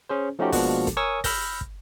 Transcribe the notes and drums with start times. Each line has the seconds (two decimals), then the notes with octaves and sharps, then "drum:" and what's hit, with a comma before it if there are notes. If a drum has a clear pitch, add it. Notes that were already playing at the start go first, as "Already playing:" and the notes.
0.09 C#4 G#4 C5
0.39 F3 A3 C#4 D#4 F#4 G4
0.52 B2 F3 G#3 A#3 D4 F#4, drum: kick, open hi-hat
0.87 drum: kick, hi-hat
0.97 A#4 C#5 G#5 C#6 D#6 E6
1.24 B5 E6 F6 G6 A#6, drum: kick, open hi-hat
1.61 drum: kick